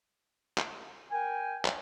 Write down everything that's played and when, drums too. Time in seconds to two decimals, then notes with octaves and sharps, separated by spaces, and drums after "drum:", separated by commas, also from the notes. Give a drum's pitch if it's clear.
0.58 drum: clap
1.11 A#4 G5 G#5
1.65 drum: clap